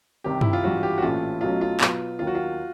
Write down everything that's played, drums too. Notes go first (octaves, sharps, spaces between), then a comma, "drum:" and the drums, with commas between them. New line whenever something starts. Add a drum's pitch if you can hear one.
C2 C3 D#3 G4
E4, drum: tom
F4
G#1 G2 E3 F#4
G4
F#4
A#1 A2 E3 A3 C#4 F4
B1 B2 F#3 A3 C#4 F4
F4
B2 F#3 B3, drum: clap
D#2 D#3 F#3 A#3 F4
F#4
F4